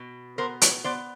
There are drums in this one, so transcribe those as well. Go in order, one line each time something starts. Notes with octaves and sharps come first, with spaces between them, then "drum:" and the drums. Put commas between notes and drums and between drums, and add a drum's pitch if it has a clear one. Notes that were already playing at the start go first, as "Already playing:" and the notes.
Already playing: B2 B3
B3 A#4 C5
B4 C#5, drum: hi-hat
B3 C5 D5